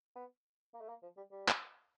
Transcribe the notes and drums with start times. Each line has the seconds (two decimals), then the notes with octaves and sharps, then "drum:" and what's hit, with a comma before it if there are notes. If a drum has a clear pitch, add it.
0.16 B3
0.74 A#3
0.81 A3
0.89 A#3
1.03 F3
1.17 G3
1.32 G3
1.48 drum: clap